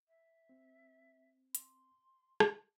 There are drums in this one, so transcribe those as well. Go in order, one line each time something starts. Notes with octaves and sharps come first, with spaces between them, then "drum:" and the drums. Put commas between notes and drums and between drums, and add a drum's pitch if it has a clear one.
E5
C4
C6, drum: hi-hat
drum: rim click